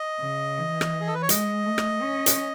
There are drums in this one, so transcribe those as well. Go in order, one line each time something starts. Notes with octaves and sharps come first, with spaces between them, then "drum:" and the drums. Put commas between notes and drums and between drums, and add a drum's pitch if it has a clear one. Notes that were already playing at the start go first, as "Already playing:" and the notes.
Already playing: D#5
C#3
E3
drum: rim click
G#4
A4
B4
C#5
G#3 D#5, drum: hi-hat
A3
drum: rim click
C#4
drum: hi-hat